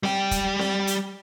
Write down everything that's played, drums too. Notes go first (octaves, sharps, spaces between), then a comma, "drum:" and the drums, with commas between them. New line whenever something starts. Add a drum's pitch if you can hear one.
G3 G5, drum: snare C4
drum: kick, hi-hat
drum: snare C4
drum: hi-hat